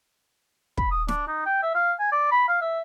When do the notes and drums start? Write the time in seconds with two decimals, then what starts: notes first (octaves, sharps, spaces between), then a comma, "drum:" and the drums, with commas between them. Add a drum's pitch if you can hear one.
0.78 B5, drum: kick
0.91 D#6
1.08 D4, drum: snare
1.27 D#4
1.46 G5
1.63 E5
1.75 F5
2.00 G#5
2.12 D5
2.31 B5
2.48 F5
2.62 E5